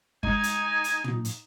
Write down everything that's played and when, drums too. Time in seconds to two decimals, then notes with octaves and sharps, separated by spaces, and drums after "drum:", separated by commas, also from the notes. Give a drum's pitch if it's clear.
0.23 G#3 D#4 G#5 G#6, drum: kick G1
0.43 drum: hi-hat
0.84 drum: hi-hat
1.04 drum: tom
1.25 drum: hi-hat